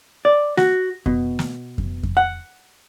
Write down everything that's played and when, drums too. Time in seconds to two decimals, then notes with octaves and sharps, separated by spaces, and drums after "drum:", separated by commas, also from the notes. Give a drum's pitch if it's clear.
0.25 D5
0.57 F#4, drum: snare
1.06 B2, drum: kick F2
1.39 drum: snare
1.78 drum: kick F2
2.03 drum: kick F2
2.17 F#5